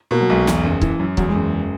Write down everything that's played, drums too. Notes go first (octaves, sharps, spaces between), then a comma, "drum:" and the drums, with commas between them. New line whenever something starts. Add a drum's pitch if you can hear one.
B2 A#3
F#3
B1 G#3
E2, drum: snare
F#1
E3, drum: kick
F#2
E2 F#3, drum: kick
G#3
F#1